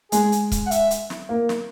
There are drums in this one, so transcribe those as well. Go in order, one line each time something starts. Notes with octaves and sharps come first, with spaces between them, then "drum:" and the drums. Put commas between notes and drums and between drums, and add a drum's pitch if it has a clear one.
G#3 G#4, drum: hi-hat
drum: hi-hat
drum: kick, hi-hat
F#5
E5, drum: hi-hat
drum: hi-hat
drum: snare
A#3
drum: snare